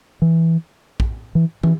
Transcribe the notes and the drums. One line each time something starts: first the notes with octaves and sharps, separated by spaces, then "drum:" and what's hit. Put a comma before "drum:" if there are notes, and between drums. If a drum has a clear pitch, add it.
E3
drum: kick
E3
E3, drum: tom